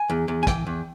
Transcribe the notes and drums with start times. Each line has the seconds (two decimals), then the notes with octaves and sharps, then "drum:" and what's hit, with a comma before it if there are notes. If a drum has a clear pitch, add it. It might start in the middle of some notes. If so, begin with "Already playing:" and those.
Already playing: G#5
0.10 E2
0.28 E2
0.43 G#5
0.47 E3 G5, drum: kick, hi-hat
0.67 E2